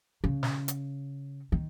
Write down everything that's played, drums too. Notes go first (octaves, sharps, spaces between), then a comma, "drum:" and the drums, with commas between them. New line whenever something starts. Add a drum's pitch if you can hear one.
C#3
drum: snare
drum: hi-hat
D#3